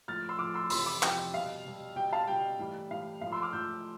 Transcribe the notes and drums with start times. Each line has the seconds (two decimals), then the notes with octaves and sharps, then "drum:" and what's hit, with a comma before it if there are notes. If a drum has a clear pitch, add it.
0.08 A2 F3 F6 A6
0.29 C6 E6
0.39 A2 F3 D6 F6
0.54 C6 E6
0.70 F2 C3 E3 C6 E6, drum: open hi-hat
0.86 B5 D6
1.03 F2 C3 E3 G5, drum: clap
1.33 B2 G3 F5
1.65 B2 G3
1.96 B2 G3 G5
2.13 F5 A5
2.27 B2 G3 G5
2.59 A2 E3 G3
2.91 A2 E3 G3 F5
3.21 A2 F3 F5
3.32 C6 E6
3.42 D6 F6
3.53 A2 F3 E6 G6